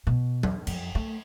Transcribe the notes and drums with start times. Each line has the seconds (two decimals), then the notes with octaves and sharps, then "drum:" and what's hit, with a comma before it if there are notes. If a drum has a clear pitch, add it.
0.07 B2
0.43 E2, drum: tom F#3
0.67 F2, drum: cymbal
0.95 A3